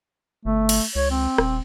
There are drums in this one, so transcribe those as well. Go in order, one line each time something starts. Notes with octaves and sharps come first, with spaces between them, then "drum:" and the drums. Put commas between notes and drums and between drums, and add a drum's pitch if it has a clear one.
G1 A3
drum: cymbal
C#2 C#5
C4
D#1, drum: rim click